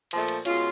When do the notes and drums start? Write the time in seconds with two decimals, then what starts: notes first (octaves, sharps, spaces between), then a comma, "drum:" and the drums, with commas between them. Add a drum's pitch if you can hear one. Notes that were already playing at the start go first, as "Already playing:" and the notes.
0.11 A#2 F3 A3, drum: cymbal
0.28 drum: cymbal
0.45 B2 G#3 C#4 F4, drum: cymbal